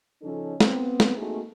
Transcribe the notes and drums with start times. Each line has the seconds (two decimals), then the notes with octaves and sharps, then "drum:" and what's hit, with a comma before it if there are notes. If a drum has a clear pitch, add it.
0.22 C#3 F3 C#4 D#4 A4
0.60 B3 C4, drum: snare
1.00 drum: snare
1.17 A3 A#3 C4 D#4 F#4 G#4